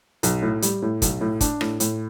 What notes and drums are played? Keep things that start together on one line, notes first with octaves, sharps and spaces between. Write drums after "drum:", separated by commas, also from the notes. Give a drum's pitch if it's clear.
B1, drum: hi-hat
A2
G3, drum: hi-hat
A2
B1, drum: kick, hi-hat
A2
D4, drum: kick, hi-hat
A2, drum: rim click
A2, drum: hi-hat